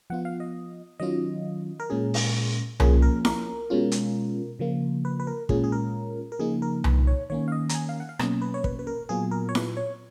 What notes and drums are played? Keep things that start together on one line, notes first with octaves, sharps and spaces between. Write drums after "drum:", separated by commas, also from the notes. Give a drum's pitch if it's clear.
F3 B3 F4 F#5
F5
D#5
D#3 F#3 C#4 F4 D#5
A#4
A#2 G#3 C#4 G#4
drum: open hi-hat
F3 A#3 C#4 F4 G#4, drum: tom C2
A#4
A#4, drum: snare E4
B2 G#3 C#4 F4
drum: hi-hat
C#3 F3 A#3 F4
B4
B4
A#4
A#2 G#3 C#4 F4 G#4, drum: kick
G#4
A#4
A#4
C#3 F3 A#3 D#4 G#4
A#4
B4, drum: tom C2
C#5
D#3 A#3 C#4 C#5
F5
D#5
A#5, drum: hi-hat
G#5
F5
F#5
F5
B2 F#3 A#3 C#4 D#5, drum: rim click
B4
C#5
B4, drum: kick
B4
A#4
A#2 F#3 B3 F4 G#4
A#4
C#5
B4, drum: snare E4
C#5